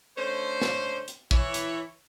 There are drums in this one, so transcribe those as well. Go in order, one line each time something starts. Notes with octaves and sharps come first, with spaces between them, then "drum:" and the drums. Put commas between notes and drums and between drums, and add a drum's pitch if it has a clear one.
D3 A3 C#4 C5
drum: snare
drum: hi-hat
E3 E4 C#5, drum: kick
drum: hi-hat